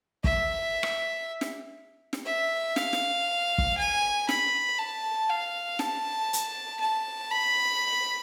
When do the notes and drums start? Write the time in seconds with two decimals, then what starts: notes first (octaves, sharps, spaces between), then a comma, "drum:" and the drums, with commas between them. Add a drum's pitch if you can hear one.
0.24 E5, drum: kick
0.83 drum: rim click
1.41 drum: snare
2.13 drum: snare
2.25 E5
2.76 F5, drum: snare
2.93 drum: snare
3.58 drum: kick
3.77 G#5
4.29 B5, drum: snare
4.79 A5
5.30 F5
5.79 A5, drum: snare
6.33 drum: hi-hat
6.80 A5
7.31 B5